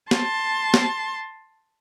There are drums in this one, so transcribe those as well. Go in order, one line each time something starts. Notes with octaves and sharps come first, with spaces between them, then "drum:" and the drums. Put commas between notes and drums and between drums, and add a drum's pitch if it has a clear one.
A5 C6, drum: snare
drum: snare